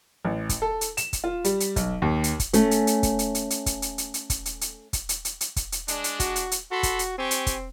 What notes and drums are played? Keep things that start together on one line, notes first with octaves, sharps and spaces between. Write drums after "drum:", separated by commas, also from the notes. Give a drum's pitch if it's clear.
A1
drum: kick, hi-hat
A4
drum: hi-hat
E7, drum: hi-hat
drum: kick, hi-hat
F4
G3, drum: hi-hat
drum: hi-hat
B1, drum: kick, hi-hat
D#2
drum: hi-hat
drum: kick, hi-hat
A3 C#4, drum: hi-hat
drum: hi-hat
drum: hi-hat
drum: kick, hi-hat
drum: hi-hat
drum: hi-hat
drum: hi-hat
drum: kick, hi-hat
drum: hi-hat
drum: hi-hat
drum: hi-hat
drum: kick, hi-hat
drum: hi-hat
drum: hi-hat
drum: kick, hi-hat
drum: hi-hat
drum: hi-hat
drum: hi-hat
drum: kick, hi-hat
drum: hi-hat
G#3 D4, drum: hi-hat
drum: hi-hat
F#4, drum: kick, hi-hat
drum: hi-hat
drum: hi-hat
F#4 A4 B5 C6
drum: kick, hi-hat
drum: hi-hat
C4 G4 G#5 C#6
drum: hi-hat
drum: kick, hi-hat